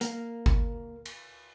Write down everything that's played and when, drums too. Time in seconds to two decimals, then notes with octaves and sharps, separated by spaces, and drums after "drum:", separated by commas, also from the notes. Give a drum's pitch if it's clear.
0.01 A#3, drum: hi-hat
0.46 drum: kick G1
1.06 drum: cymbal